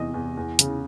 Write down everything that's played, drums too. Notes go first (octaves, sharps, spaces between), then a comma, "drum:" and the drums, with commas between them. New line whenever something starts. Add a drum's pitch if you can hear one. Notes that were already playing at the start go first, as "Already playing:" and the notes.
Already playing: E2 C3 E3 D#5
E2
E2
C#3, drum: hi-hat